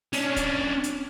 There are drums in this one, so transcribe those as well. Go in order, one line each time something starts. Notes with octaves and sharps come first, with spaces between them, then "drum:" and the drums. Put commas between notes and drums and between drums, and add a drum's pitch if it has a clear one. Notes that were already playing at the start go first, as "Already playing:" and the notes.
C#4 D4, drum: open hi-hat
drum: kick, hi-hat
drum: hi-hat